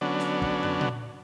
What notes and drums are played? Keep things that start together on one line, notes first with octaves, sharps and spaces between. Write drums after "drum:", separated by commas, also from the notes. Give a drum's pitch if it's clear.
D3 F#3 B3 C#4 D4
drum: snare
drum: kick
drum: tom
drum: tom A#2